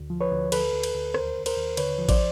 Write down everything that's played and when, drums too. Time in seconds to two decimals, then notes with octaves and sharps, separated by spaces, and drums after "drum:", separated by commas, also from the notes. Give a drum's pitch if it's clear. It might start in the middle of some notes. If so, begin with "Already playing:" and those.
Already playing: D2
0.10 F3
0.21 B4 C#5
0.32 D2
0.52 D2 A4 B4, drum: cymbal
0.73 D2
0.83 drum: cymbal
0.94 D2
1.14 D#2 A#4 C5, drum: rim click
1.36 D#2
1.46 A#4 C5, drum: cymbal
1.57 D#2
1.77 D3 B4 C#5, drum: cymbal
1.98 F3
2.09 C5 D5, drum: kick A1, cymbal